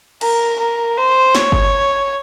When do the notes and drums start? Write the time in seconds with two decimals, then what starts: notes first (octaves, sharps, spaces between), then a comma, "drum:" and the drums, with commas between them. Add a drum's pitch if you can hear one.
0.21 A#4, drum: cymbal
0.59 A#4
0.97 C5
1.35 C#5, drum: snare
1.52 drum: kick G1